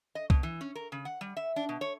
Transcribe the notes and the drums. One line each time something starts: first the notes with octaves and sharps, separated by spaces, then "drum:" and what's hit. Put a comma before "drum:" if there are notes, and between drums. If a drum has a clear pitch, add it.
D#5
B2, drum: kick C2
E3
C#4
A#4
C#3
F#5
G3
E5
D4
B2
C#5